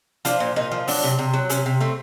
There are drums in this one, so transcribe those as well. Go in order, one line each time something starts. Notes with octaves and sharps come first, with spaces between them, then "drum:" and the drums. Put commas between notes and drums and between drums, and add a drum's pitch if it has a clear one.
F3 D4, drum: hi-hat
A#2
A#2 D#4
F3
F#3 D4, drum: open hi-hat
C3
C3
F#3
C3 C#4, drum: hi-hat
C3
A3 C4